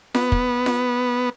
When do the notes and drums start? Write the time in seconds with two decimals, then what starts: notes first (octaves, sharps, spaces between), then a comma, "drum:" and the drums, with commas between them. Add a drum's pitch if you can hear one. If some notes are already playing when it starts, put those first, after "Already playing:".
0.15 B3, drum: snare F4
0.32 drum: kick
0.66 drum: snare F4